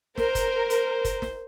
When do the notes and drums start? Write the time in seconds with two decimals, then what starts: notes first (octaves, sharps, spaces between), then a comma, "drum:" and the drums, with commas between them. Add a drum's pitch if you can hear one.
0.17 A#4 C5, drum: snare
0.35 drum: kick, hi-hat
0.70 C5, drum: hi-hat
1.05 drum: kick, hi-hat
1.22 drum: snare